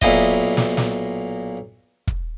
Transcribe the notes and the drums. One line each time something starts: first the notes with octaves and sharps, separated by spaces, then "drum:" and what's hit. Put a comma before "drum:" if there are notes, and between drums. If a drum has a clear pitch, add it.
B1 A#2 E4 D#5, drum: kick
drum: snare
drum: snare
drum: kick